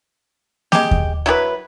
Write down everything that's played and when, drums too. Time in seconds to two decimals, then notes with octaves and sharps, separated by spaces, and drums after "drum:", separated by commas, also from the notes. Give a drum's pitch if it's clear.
0.72 G#3 G4, drum: snare A#3
0.91 drum: kick D#2
1.26 F#3 E4 G#4 B4